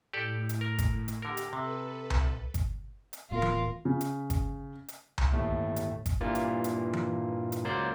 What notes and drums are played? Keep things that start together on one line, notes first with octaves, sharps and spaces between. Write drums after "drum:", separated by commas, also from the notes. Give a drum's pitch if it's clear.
A2 G4 A4 D5
drum: hi-hat
A#4
drum: kick, hi-hat
drum: hi-hat
D3 G4 A#4
drum: hi-hat
C3 A4 B4
drum: tom C2
drum: kick, hi-hat
drum: hi-hat
D1 A2 B3 F4 A#4
drum: tom E3
C#3
drum: hi-hat
drum: kick, hi-hat
drum: hi-hat
drum: tom C2
G1 D#2 A2 A3
drum: hi-hat
drum: kick, hi-hat
G2 A#2 E3 A#3 F4
drum: hi-hat
drum: hi-hat
drum: tom E3
drum: hi-hat
C#2 F#3 A#3 C5 D5 G6